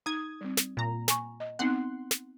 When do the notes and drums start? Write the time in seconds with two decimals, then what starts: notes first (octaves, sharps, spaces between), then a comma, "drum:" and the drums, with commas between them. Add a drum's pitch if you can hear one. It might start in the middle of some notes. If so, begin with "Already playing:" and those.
0.06 D#4 D#6 G#6
0.41 G3 C4
0.57 drum: snare
0.77 A#2 A#5
1.08 G#5 C#6, drum: snare
1.40 D#5
1.59 B3 C4 D#4 F#5 C6
2.11 drum: snare